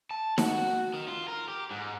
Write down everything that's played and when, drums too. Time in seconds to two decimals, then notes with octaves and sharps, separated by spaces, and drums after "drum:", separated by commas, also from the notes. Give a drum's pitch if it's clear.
0.11 A5
0.38 F#4, drum: snare D#4
0.94 D#3
1.08 F4
1.28 A#4
1.48 G4
1.71 G#2